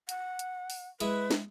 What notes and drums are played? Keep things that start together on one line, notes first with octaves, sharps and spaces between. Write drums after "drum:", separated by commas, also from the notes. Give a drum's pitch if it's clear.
F#5, drum: hi-hat
drum: hi-hat
drum: open hi-hat
G#3 E4 G#4 B4, drum: hi-hat
drum: snare